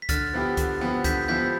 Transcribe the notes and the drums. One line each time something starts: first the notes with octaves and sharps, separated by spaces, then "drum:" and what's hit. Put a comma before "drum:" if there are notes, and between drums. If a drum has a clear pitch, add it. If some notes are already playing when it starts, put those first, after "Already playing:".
B6
D3 F6 A6, drum: kick C#2, hi-hat
F3 B3 E4 G4
D3, drum: kick C#2, hi-hat
F3 B3 E4 G4
D3 G6 B6, drum: kick C#2, hi-hat
F3 B3 E4 G4 G6 B6